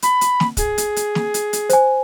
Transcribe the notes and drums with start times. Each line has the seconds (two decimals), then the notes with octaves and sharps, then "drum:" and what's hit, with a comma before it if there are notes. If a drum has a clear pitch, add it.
0.02 B5, drum: hi-hat
0.21 drum: hi-hat
0.40 drum: snare
0.57 G#4, drum: kick, hi-hat
0.78 drum: hi-hat
0.96 drum: hi-hat
1.15 drum: snare
1.34 drum: hi-hat
1.53 drum: hi-hat
1.70 C5 G#5, drum: hi-hat